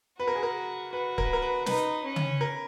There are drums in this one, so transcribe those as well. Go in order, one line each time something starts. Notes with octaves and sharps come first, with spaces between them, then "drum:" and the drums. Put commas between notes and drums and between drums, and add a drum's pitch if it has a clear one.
F#4 B4
A#4
G#4
A#4
F#4 B4
A#4, drum: kick C#1
B4
A#4
B4
D#4 B4, drum: snare
C#4
drum: tom C#3
A#4